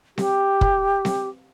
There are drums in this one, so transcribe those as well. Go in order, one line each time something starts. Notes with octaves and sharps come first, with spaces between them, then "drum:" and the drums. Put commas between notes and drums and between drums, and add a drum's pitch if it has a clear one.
G4, drum: snare C4
drum: kick
drum: snare C4